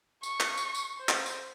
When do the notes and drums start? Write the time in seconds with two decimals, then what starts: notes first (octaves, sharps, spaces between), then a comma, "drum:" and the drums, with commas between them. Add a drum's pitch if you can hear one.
0.23 C#6, drum: tambourine
0.40 drum: clap
0.57 drum: tambourine
0.75 drum: tambourine
0.97 C5
1.09 drum: clap
1.26 drum: tambourine